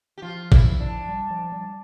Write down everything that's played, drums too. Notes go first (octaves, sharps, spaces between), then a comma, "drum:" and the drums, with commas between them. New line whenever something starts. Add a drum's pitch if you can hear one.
G4
F3 F4
E4, drum: kick G#1
D4
G3
F3
G3